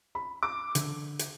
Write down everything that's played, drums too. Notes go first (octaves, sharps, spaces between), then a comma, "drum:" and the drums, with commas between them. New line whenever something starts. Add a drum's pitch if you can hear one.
B5
D6
D3, drum: hi-hat
drum: hi-hat